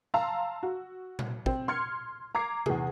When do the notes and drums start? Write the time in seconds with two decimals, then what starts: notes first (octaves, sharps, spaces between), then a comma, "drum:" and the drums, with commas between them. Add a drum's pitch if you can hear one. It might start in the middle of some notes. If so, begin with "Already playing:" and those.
0.14 F5 A5 A#5 C6 E6
0.63 F#4
1.19 drum: tom A#2
1.46 C4, drum: kick
1.68 C6 F6 G#6 C#7
2.35 A#5 D6 G#6 C7
2.66 E2 G#4, drum: tom C3